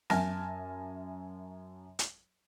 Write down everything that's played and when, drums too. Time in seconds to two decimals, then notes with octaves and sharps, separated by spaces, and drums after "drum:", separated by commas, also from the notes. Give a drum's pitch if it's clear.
0.10 F#2 E5 G#5 A5 F6 A#6, drum: snare
1.99 drum: hi-hat